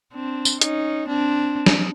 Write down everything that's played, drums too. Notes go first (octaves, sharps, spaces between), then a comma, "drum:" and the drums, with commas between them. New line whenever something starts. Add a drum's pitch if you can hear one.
C4 D4
drum: tambourine
C#4 D#4, drum: hi-hat
C4 D4
drum: snare